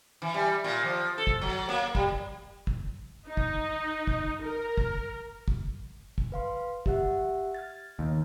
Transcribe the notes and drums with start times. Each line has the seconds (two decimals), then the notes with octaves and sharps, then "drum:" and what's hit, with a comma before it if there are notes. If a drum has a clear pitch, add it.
0.22 E3
0.34 G3
0.64 A#2
0.84 F3
1.18 A4
1.27 drum: kick
1.42 F#3
1.69 A#3
1.95 G3, drum: kick
2.67 drum: kick
3.27 D#4
3.37 drum: kick
4.07 drum: kick
4.42 A#4
4.78 drum: kick
5.48 drum: kick
6.18 drum: kick
6.32 B4 F5 C6
6.86 G4 E5 F#5, drum: kick
7.55 F6 G#6 A6
7.99 D#2